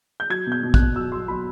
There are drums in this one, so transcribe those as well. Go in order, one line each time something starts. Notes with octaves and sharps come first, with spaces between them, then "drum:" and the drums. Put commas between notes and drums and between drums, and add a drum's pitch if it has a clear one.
G6
F#3 G#6
B2
G6
B2
F#6, drum: kick
B2
F#3 E6
F#3 C6
F#3 B5